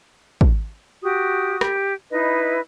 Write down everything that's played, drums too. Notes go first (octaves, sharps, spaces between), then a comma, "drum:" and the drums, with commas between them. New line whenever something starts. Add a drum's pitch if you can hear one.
drum: kick
F#4 G4 D#6
G4, drum: rim click
D#4 E4 B4 D#5